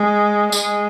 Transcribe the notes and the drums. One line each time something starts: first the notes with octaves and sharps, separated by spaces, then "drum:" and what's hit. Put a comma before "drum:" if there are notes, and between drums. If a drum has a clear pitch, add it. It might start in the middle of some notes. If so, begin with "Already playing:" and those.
Already playing: G#3
G#3, drum: tambourine